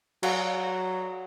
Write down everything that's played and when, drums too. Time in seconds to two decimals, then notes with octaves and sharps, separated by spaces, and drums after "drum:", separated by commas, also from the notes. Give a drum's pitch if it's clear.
0.23 F#3, drum: cymbal